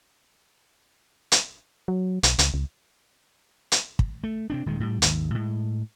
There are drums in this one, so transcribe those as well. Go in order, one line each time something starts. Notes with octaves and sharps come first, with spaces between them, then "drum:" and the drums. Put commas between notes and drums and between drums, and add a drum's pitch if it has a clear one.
drum: hi-hat
F#3
B1, drum: hi-hat
C#2, drum: hi-hat
C#2
drum: hi-hat
drum: kick
A3
C3 C4 D4
D#1 D#3 G#3
A2 G3
G#1 D#2, drum: hi-hat
A2 G#3